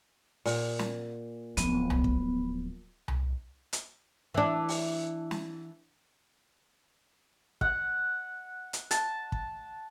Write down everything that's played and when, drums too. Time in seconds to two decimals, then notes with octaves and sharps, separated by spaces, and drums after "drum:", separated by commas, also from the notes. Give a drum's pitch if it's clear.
0.46 A#2 F#5, drum: open hi-hat
0.79 drum: snare
1.57 D1 F3 B3, drum: hi-hat
1.90 drum: tom C2
2.04 drum: kick
3.08 drum: tom C2
3.73 drum: hi-hat
4.34 E3 D4
4.69 drum: open hi-hat
5.31 drum: snare
7.61 F#5, drum: kick
8.73 drum: hi-hat
8.91 A5, drum: hi-hat
9.32 drum: kick